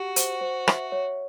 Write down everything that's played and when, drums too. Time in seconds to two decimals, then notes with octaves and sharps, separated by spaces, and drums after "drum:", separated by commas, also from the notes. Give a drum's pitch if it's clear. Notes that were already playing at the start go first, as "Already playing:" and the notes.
Already playing: F#4 G4
0.16 C5, drum: hi-hat
0.41 C5
0.68 E5, drum: rim click
0.92 C#5